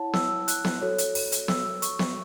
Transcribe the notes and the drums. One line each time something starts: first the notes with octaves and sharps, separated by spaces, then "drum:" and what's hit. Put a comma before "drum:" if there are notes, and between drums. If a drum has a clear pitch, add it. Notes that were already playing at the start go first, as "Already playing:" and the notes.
Already playing: E4 C#5 F#5 A5
E6, drum: snare B3
F#6, drum: hi-hat
drum: snare B3
F#4 A4 C#5
drum: hi-hat
drum: open hi-hat
drum: hi-hat
E6, drum: snare B3
C#6, drum: hi-hat
drum: snare B3